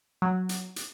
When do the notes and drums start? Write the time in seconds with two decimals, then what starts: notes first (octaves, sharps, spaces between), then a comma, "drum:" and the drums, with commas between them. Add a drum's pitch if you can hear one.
0.22 F#3
0.49 drum: hi-hat
0.76 drum: hi-hat